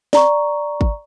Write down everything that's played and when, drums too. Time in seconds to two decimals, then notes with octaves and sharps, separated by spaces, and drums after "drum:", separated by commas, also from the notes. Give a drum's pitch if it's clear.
0.13 D5 A#5 C#6, drum: snare
0.81 drum: kick G#1